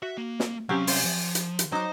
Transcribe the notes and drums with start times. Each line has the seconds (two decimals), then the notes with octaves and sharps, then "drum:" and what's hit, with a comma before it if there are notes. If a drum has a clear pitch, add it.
0.02 F#4 E5
0.17 A#3
0.40 drum: snare
0.69 C2 F#3 C4 C#4 G4 F5
0.87 C5, drum: open hi-hat
1.04 F3
1.35 drum: hi-hat
1.59 drum: hi-hat
1.72 F#3 D#4 C5 D6